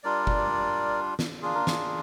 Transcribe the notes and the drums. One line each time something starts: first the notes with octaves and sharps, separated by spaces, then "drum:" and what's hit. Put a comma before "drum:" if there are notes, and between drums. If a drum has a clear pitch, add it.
G3 D4 F4 A#4 D5
drum: kick F#1
drum: snare
A#3 D4 F4 G#4
A#4
G#4, drum: snare